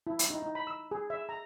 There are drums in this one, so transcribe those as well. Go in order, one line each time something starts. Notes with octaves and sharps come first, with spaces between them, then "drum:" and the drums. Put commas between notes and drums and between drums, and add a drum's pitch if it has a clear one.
E4
drum: hi-hat
D#4
D#4
B5
E6
G#4
E5
A#5